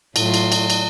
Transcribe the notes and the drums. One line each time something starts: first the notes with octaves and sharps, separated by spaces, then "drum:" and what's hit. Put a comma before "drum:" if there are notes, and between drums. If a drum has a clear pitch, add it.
A2 F#3 F4, drum: cymbal
drum: cymbal
drum: cymbal
drum: cymbal